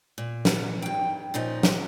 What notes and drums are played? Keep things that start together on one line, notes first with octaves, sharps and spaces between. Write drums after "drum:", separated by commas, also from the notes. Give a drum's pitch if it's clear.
A#2
drum: snare
G2 G5
A#2 C#3 F3 D#4
drum: snare